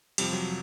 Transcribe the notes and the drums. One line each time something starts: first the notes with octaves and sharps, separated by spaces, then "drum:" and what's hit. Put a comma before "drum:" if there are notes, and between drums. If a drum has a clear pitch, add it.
F2 C3 F3 G3, drum: cymbal
F#3